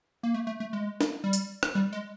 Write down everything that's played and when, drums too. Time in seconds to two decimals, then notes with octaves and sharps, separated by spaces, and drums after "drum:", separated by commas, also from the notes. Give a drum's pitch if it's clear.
0.23 A#3
0.34 A3
0.47 A3
0.60 A3
0.73 G#3
1.01 drum: snare
1.24 G3
1.33 drum: tambourine
1.63 drum: rim click
1.75 G3
1.93 G#3